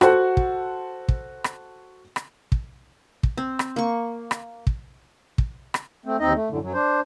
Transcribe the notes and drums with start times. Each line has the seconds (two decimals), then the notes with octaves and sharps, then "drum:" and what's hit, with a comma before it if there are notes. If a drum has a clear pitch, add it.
0.01 F#4 A4 C5 F#5, drum: rim click
0.37 drum: kick
1.09 drum: kick
1.44 drum: rim click
2.16 drum: rim click
2.52 drum: kick
3.23 drum: kick
3.38 C4
3.59 drum: rim click
3.76 A#3 C#6
4.31 drum: rim click
4.67 drum: kick
5.38 drum: kick
5.74 drum: rim click
6.05 A3 C4
6.20 D#2 C4 D#4 D#5
6.34 A3
6.49 F#2 A2 D3
6.62 F#2 F#3
6.74 D4 C5